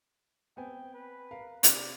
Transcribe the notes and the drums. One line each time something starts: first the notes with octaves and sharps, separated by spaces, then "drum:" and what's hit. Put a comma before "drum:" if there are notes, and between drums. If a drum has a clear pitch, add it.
B3 C4 G5 G#5
B4
A#4 F5
C3 D5, drum: hi-hat